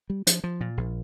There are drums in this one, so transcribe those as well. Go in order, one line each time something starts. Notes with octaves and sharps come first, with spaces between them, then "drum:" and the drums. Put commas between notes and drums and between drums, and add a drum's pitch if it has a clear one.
G3
F3, drum: hi-hat
F3
A#2
A#1